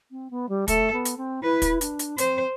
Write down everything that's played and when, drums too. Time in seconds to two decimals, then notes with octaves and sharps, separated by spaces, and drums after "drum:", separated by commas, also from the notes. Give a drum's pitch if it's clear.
0.11 C4
0.31 B3
0.49 G3
0.68 A3 A4, drum: kick, hi-hat
0.93 B3
1.05 drum: hi-hat
1.17 C4
1.43 E4 B4
1.62 drum: kick, hi-hat
1.81 D4, drum: hi-hat
1.99 drum: hi-hat
2.18 C4 C5, drum: hi-hat